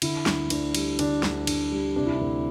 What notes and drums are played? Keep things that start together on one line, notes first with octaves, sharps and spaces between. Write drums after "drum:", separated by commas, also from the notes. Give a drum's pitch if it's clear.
D3 E4, drum: cymbal
D2, drum: snare
D2 D4, drum: cymbal
G3, drum: cymbal
D3 D4, drum: cymbal
D2 D4, drum: snare
D2, drum: cymbal
G3
C3 D4
E4
D2 D4